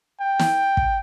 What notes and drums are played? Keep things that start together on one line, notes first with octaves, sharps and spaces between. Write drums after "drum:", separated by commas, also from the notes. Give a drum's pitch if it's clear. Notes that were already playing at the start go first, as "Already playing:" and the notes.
G5
drum: snare
drum: kick